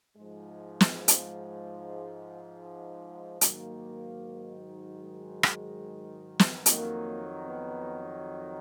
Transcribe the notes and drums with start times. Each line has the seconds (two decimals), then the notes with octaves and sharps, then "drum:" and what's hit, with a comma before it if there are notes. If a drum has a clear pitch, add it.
0.17 G#2 F3 G#3
0.81 drum: snare
1.08 drum: hi-hat
3.41 G#2 D#3 F#3 A#3, drum: hi-hat
5.04 G#3
5.43 drum: rim click
6.39 drum: snare
6.66 F2 D#3 F#3 A#3, drum: hi-hat
7.47 B3